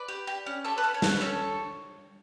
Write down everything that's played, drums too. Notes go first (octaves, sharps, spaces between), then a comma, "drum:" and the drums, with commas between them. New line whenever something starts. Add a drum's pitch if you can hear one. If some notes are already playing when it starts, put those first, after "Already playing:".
Already playing: B4 D5
G4
G4
C#4
G4 A4 C#5
B4
C#4 A4
C#5
C#4 B4, drum: snare
B4
C#4 A4 C#5